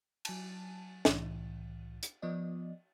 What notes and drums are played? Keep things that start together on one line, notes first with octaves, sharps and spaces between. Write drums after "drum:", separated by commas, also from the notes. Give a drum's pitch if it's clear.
F#3 G#5 A5, drum: cymbal
C2 A2 E3, drum: snare
drum: hi-hat
F3 B3 D5 D#5